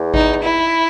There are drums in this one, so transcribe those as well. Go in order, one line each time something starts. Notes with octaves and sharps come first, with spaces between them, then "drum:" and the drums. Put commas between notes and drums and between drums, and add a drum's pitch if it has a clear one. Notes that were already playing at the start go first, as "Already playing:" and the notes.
Already playing: E2
D#4, drum: kick G#1
E4